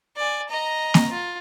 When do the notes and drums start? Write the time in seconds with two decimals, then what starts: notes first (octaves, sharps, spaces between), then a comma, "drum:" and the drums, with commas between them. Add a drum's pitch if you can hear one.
0.16 D5 G#5
0.49 D#5 A#5
0.94 drum: snare A#3
1.11 F4